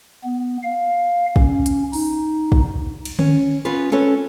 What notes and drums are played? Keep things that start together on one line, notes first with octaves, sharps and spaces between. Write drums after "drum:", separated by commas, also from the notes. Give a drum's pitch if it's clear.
B3
F5
C#4, drum: kick
drum: hi-hat
D#4, drum: open hi-hat
drum: kick
drum: cymbal
C#4, drum: tom D3
B3 C#4 F4 B4
C#4 A4 B4 C#5